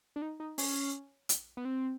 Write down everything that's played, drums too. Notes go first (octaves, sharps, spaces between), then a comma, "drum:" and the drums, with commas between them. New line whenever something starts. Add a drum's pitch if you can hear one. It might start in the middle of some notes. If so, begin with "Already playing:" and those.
D4
D#4
D#4
C#4, drum: open hi-hat
drum: hi-hat
B3
C4